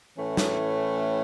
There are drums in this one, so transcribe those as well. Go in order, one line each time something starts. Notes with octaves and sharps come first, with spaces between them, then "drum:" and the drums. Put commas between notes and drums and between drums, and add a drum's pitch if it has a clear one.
A2 E3 A3 C#4
drum: snare